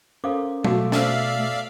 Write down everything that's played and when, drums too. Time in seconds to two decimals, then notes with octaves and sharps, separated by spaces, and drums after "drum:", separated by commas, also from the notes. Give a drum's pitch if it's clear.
0.24 C#4 A4 A#4 C5 F5 D6
0.64 B2 A3 F#4 F5 A5 D6, drum: tom F#3
0.92 C5 D5 E5 F5 A5, drum: snare